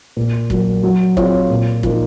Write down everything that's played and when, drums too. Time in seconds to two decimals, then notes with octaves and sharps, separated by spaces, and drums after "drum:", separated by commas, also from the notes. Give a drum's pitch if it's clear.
0.17 A#2
0.50 F#3 A#3, drum: kick
0.83 F#3
1.17 C4 F4 G#4 C#5, drum: kick
1.50 A#2
1.83 F3 A#3 D#4, drum: kick